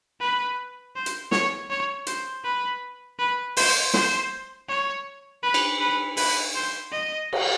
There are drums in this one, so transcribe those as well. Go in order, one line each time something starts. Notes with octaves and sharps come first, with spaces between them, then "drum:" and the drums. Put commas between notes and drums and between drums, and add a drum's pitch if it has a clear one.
B4
C5
drum: hi-hat
C#5, drum: snare
C#5
C5, drum: hi-hat
B4
B4
C5, drum: open hi-hat
C5, drum: snare
C#5
B4
drum: cymbal
B4
B4, drum: open hi-hat
C5
D#5
drum: cymbal